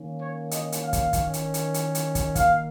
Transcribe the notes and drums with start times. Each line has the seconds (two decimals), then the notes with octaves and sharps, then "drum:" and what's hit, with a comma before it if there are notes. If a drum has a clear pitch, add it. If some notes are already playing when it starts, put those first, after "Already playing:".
Already playing: D#3 A#3 C#4
0.21 C#5
0.51 D#5, drum: hi-hat
0.72 drum: hi-hat
0.82 F5
0.93 drum: kick, hi-hat
1.13 D#3 C#4, drum: kick, hi-hat
1.33 drum: hi-hat
1.54 drum: hi-hat
1.74 drum: hi-hat
1.95 drum: hi-hat
2.15 drum: kick, hi-hat
2.35 D#3 A#3 D#4 F5, drum: kick, hi-hat